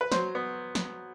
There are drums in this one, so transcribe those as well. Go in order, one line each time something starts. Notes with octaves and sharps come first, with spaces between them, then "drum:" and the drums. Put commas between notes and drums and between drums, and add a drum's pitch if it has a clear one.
B4
F#3 C5, drum: snare
B3
drum: snare